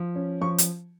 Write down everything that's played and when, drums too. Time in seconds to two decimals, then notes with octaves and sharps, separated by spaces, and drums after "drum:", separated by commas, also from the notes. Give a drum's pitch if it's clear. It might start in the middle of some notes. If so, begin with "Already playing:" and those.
Already playing: F3
0.15 C#4
0.41 F3 C#6
0.58 drum: hi-hat